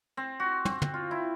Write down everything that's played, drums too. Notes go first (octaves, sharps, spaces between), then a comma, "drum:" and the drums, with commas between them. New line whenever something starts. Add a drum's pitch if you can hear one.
C4
F#4
C4, drum: tom
drum: tom
F4
E4